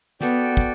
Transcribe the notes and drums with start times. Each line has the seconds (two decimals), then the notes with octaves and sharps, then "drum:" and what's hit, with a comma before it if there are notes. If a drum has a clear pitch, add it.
0.21 B3 F#4 A4 D5 G5, drum: snare
0.57 drum: kick